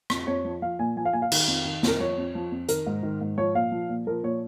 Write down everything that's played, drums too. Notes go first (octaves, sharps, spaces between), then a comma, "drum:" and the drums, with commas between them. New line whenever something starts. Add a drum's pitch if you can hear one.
F2, drum: rim click
F2 C#5
F3
F3 F5
A#2 G#5
F3 G#5
F5
A#2 G#5
F5
D#3, drum: cymbal
F2
D#3
F2 A#4, drum: snare
F3 C#5
F2
F3
F2
D#3 A#4, drum: hi-hat
G#2
D#3
G#2
F3 C#5
A#2 F5
F3
A#2
F3 A#4
A#2 C#5